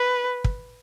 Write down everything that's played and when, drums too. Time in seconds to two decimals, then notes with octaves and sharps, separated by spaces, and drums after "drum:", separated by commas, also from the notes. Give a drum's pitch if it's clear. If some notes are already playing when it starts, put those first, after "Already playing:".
Already playing: B4
0.44 drum: kick